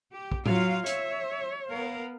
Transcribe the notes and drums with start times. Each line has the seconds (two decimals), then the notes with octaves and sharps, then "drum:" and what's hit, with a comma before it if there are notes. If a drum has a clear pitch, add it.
0.15 G4
0.32 drum: kick
0.46 F#3 F4 F5, drum: tom A2
0.86 C#5 E5, drum: hi-hat
1.69 B3 A#4 F5